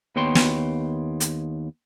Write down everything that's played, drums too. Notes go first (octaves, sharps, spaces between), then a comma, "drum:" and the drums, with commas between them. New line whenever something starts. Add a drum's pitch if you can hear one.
D#2 B3 C#5 G5 C6
drum: snare
drum: hi-hat